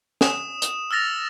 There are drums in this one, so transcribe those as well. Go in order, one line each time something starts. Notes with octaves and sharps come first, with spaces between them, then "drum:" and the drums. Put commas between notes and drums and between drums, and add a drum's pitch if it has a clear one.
D#6 E7, drum: snare
drum: hi-hat
E6 F6 A6 A#6 F7